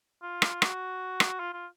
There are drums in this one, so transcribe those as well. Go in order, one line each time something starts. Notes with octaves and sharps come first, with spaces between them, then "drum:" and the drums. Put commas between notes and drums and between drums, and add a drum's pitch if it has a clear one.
F4
drum: rim click
F#4, drum: rim click
drum: rim click
F4
F4